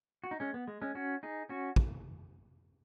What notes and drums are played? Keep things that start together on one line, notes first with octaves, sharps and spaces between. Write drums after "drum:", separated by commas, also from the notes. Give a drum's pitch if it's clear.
F#4
D#4
G#3 C#4
B3
G#3
G#3 C#4
C#4 F#4
D#4 G#4
C#4 F#4
drum: kick